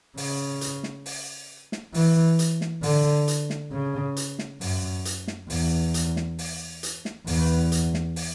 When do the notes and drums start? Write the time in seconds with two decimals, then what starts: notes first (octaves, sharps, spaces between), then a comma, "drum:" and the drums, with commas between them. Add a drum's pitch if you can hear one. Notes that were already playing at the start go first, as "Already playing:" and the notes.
0.17 C#3, drum: open hi-hat
0.61 drum: hi-hat
0.83 drum: snare
1.06 drum: open hi-hat
1.72 drum: snare
1.94 E3, drum: open hi-hat
2.39 drum: hi-hat
2.61 drum: snare
2.83 D3, drum: open hi-hat
3.28 drum: hi-hat
3.50 drum: snare
3.72 C#3
4.16 drum: hi-hat
4.39 drum: snare
4.61 F#2, drum: open hi-hat
5.05 drum: hi-hat
5.28 drum: snare
5.50 E2, drum: open hi-hat
5.94 drum: hi-hat
6.16 drum: snare
6.39 drum: open hi-hat
6.83 drum: hi-hat
7.05 drum: snare
7.27 E2, drum: open hi-hat
7.72 drum: hi-hat
7.94 drum: snare
8.16 drum: open hi-hat